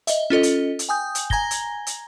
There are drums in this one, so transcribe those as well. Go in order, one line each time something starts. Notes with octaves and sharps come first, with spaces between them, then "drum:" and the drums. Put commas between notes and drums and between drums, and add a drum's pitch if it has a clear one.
D#5 E5, drum: hi-hat
C#4 F4 A4 D#5
drum: hi-hat
drum: hi-hat
G5 G#5 D#6 G6
drum: hi-hat
G#5 A#5 G#6 A#6 G7, drum: kick
drum: hi-hat
drum: hi-hat